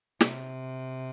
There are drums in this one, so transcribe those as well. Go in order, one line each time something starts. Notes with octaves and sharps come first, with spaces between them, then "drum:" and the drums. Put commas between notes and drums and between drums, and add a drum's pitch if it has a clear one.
C3, drum: snare